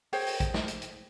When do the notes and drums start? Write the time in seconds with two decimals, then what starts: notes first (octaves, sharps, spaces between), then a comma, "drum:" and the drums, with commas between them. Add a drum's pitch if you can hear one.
0.13 G#4 C5 C#5 G5, drum: open hi-hat
0.26 drum: open hi-hat
0.40 drum: kick, hi-hat
0.54 drum: snare
0.68 drum: hi-hat
0.82 drum: hi-hat